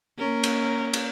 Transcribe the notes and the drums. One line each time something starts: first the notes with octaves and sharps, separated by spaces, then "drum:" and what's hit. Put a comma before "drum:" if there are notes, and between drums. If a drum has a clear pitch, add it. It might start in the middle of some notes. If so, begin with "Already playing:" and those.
A#3 C#4 A#4
drum: cymbal
drum: cymbal